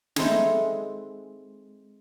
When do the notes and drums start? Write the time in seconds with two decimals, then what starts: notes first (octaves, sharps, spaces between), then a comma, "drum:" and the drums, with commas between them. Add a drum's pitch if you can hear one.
0.16 G#3 C4 D#4 E4 G#4 A4, drum: snare